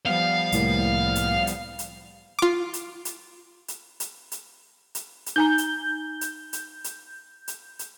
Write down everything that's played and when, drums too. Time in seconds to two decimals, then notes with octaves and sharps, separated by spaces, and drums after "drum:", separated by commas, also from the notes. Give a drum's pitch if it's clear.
0.06 F3 G3 B3 F5
0.52 C2 A2 A#3, drum: hi-hat
1.15 drum: hi-hat
1.47 drum: hi-hat
1.79 drum: hi-hat
2.39 F4 D6
2.74 drum: hi-hat
3.05 drum: hi-hat
3.68 drum: hi-hat
4.00 drum: hi-hat
4.32 drum: hi-hat
4.95 drum: hi-hat
5.26 drum: hi-hat
5.36 D#4 G#5 A#5 G6
5.58 drum: hi-hat
6.21 drum: hi-hat
6.53 drum: hi-hat
6.84 drum: hi-hat
7.48 drum: hi-hat
7.79 drum: hi-hat